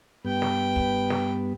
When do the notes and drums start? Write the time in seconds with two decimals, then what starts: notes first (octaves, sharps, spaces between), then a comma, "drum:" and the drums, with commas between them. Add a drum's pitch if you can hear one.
0.25 G2 B3 B4 G5
0.42 drum: snare
0.76 drum: kick
1.10 drum: snare